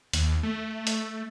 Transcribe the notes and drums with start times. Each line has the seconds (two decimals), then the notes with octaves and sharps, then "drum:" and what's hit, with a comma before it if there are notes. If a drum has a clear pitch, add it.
0.13 D#2, drum: hi-hat
0.43 A3
0.87 drum: hi-hat